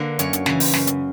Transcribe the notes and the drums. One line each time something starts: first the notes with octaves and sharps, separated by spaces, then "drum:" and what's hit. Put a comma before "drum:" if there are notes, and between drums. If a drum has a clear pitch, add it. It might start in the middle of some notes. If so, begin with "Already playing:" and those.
Already playing: D3 A#3 B4
F#2 C#5, drum: hi-hat
drum: hi-hat
C#3 E3, drum: snare
drum: open hi-hat
F#2, drum: snare
drum: hi-hat